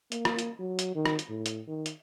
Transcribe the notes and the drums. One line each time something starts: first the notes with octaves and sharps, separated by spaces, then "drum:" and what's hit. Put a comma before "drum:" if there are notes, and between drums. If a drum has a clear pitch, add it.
A#3, drum: hi-hat
drum: rim click
drum: hi-hat
F#3
drum: hi-hat
D#3
drum: rim click
drum: hi-hat
A2
drum: hi-hat
D#3
drum: hi-hat